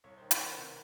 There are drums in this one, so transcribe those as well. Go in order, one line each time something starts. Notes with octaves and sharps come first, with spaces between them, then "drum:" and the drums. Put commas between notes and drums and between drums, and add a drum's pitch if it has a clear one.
C2 C#5
D#3 C5
B4, drum: hi-hat
D#3
C5
C3